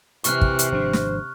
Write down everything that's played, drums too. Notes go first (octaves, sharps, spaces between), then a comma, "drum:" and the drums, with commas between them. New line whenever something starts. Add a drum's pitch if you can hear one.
C3 E3 C#6 F6 F#6, drum: hi-hat
drum: kick
drum: hi-hat
G#1 F3 D4 C5
drum: snare